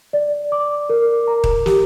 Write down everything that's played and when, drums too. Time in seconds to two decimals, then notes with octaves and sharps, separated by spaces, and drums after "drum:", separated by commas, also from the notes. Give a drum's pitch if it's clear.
0.13 D5
0.52 D6
0.90 A#4
1.27 A#5
1.44 drum: kick D#1
1.66 G4, drum: snare